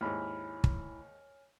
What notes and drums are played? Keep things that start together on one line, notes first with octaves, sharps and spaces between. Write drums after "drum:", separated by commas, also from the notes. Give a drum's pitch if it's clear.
D#2 G#2 E4 C#5 G#5 B5 F6
drum: kick